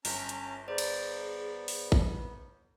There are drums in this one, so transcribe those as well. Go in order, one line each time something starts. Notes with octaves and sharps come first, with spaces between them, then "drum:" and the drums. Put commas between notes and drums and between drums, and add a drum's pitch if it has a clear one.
G1 C#4 A5 A#5, drum: open hi-hat
drum: hi-hat
B3 G#4 C5 D5
drum: cymbal
drum: open hi-hat
drum: kick A1